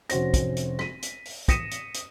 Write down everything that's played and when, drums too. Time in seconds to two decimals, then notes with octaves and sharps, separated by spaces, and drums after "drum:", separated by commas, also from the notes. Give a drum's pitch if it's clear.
0.10 F1 C#4 F#4 C5 A#6, drum: hi-hat
0.34 drum: kick, hi-hat
0.57 drum: hi-hat
0.79 B6 D#7, drum: rim click
1.02 drum: hi-hat
1.25 drum: open hi-hat
1.48 D#6 A#6 B6 C#7 D#7 E7, drum: kick, hi-hat
1.71 drum: hi-hat
1.94 drum: hi-hat